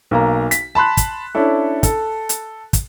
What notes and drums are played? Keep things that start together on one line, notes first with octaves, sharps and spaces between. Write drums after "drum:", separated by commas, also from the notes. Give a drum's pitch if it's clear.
B1 A#3 A#5
B6, drum: hi-hat
A5 B5 C6 F#6
drum: kick, hi-hat
C#4 D4 E4 A4
A4, drum: kick, hi-hat
drum: hi-hat
drum: kick, hi-hat